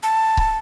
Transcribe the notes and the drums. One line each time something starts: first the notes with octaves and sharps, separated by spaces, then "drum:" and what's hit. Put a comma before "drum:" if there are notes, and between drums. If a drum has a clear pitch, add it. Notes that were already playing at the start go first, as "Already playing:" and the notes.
A5
drum: kick C#1